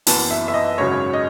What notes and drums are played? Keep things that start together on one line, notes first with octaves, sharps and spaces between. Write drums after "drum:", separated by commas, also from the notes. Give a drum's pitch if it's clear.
F#1 F#2 E3 B3 A5, drum: open hi-hat
E5
E5
D#5
G#1 F#2 C#3 F#3 C#5
D#5